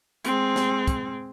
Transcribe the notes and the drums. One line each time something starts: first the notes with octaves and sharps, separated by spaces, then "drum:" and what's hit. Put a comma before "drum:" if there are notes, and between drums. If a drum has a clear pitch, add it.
G#3 C4, drum: hi-hat
drum: snare
drum: kick, hi-hat